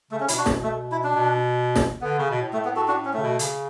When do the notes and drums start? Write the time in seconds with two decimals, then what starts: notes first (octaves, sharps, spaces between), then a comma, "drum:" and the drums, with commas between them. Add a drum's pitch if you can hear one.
0.11 C#3 A3
0.20 C#4
0.28 B2 E4, drum: hi-hat
0.38 D4 F#4
0.46 B2, drum: snare
0.63 A3
0.92 E4
1.04 D4
1.15 B2
1.76 drum: snare
2.01 D3 B3
2.19 C#3
2.30 B2
2.42 A2
2.53 A3
2.65 B3
2.76 F#4 A4
2.88 D4 F#4
3.05 C#4
3.13 C#3 A3
3.22 B2
3.39 C#3, drum: hi-hat